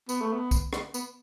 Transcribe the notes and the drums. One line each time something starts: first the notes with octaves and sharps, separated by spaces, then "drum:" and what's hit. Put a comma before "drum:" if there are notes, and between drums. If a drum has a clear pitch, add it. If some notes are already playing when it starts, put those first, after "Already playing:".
B3, drum: tambourine
A3
B3
drum: kick, tambourine
drum: rim click
B3, drum: tambourine